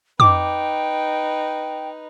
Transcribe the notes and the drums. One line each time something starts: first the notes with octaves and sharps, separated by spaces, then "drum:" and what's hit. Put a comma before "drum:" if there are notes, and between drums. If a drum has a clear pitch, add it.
D#4 B4 G5 D6, drum: tom